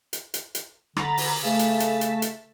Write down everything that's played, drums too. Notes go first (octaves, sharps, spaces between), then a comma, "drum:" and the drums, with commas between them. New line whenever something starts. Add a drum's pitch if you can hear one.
drum: hi-hat
drum: hi-hat
drum: hi-hat
D3 A#5 B5 A6, drum: rim click
drum: open hi-hat
C#3 A3 A5 B6
drum: hi-hat
drum: hi-hat
drum: hi-hat
drum: hi-hat